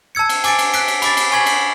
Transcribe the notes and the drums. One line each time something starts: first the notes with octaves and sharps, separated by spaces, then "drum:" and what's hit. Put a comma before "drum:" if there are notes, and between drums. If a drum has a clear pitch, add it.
A5 E6 G#6 C#7
drum: cymbal
G#5 D6 A6 D7, drum: cymbal
drum: cymbal
F#6 B6 D7, drum: cymbal
drum: cymbal
B5 D6 A6, drum: cymbal
drum: cymbal
G#5 C#6 G#6 B6 F#7
drum: cymbal